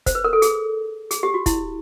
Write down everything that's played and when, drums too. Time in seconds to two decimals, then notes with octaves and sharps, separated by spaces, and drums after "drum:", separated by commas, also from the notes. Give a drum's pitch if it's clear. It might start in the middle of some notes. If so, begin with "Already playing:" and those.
0.06 C5, drum: kick, hi-hat
0.15 B4
0.24 A#4
0.33 A4
0.42 G#4, drum: hi-hat
1.11 G#4, drum: hi-hat
1.23 G4
1.34 F#4
1.46 E4, drum: kick, hi-hat